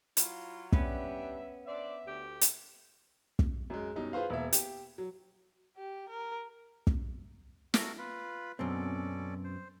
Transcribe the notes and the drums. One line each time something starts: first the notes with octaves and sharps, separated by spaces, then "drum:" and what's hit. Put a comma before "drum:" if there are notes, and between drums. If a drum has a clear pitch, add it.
F#3 E4 F4, drum: hi-hat
G3 B3 C#4 D4 B4 E5, drum: kick
D4 C5 D5 E5
D2 G4
drum: hi-hat
drum: kick
F#2 G#3
F#2 B2 G3 D#4
F4 G#4 B4 C5 F5
E1 A#3 E5
G4, drum: hi-hat
F#3
G4
A#4
drum: kick
F#4 A4 A#4, drum: snare
F4 B4 B5
F#2 B2 C4 C#4 A4 D5
C5